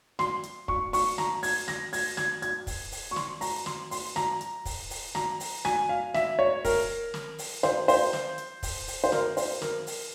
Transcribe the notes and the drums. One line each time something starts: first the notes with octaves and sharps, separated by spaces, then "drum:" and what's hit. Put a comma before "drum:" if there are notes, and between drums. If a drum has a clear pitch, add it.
C6, drum: snare
drum: hi-hat
C#6, drum: kick
C#6, drum: open hi-hat
A#5, drum: snare
G#6, drum: open hi-hat
A#6, drum: snare
G#6, drum: open hi-hat
G#6, drum: snare
G#6, drum: hi-hat
drum: kick, open hi-hat
drum: open hi-hat
C#6
C6, drum: snare
A#5, drum: open hi-hat
C6, drum: snare
C6, drum: open hi-hat
A#5, drum: snare
drum: hi-hat
drum: kick, open hi-hat
drum: open hi-hat
A#5, drum: snare
drum: open hi-hat
G#5, drum: snare
F5
E5, drum: snare
C#5
A#4, drum: kick, open hi-hat
drum: snare
drum: open hi-hat
C5, drum: snare
C5, drum: open hi-hat
drum: snare
drum: hi-hat
drum: kick, open hi-hat
drum: open hi-hat
C5
A#4, drum: snare
C5, drum: open hi-hat
A#4, drum: snare
drum: open hi-hat